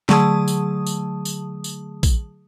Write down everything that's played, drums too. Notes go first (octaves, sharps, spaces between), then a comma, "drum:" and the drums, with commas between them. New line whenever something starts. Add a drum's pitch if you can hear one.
D3 F#3 A3 G#4 A5 D#6, drum: snare
drum: tambourine
drum: tambourine
drum: tambourine
drum: tambourine
drum: kick A#1, tambourine